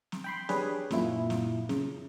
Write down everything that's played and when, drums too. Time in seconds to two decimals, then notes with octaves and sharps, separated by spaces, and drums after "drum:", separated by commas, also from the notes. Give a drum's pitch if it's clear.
0.12 drum: snare
0.24 G5 B5 C6
0.49 D4 G4 G#4 B4 C#5, drum: snare
0.91 F#2 A#2 E4 F4, drum: snare
1.30 drum: snare
1.69 C#3, drum: snare